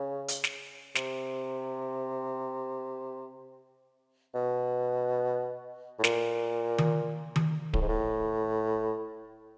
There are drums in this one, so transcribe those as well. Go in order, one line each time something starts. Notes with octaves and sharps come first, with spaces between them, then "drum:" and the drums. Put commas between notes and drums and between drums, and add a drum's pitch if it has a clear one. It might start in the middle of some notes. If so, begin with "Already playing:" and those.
Already playing: C#3
drum: hi-hat
drum: snare
C3, drum: snare
B2
A2
A#2, drum: snare
drum: tom D#3
drum: tom D#3
A2, drum: kick D1
G#2
A2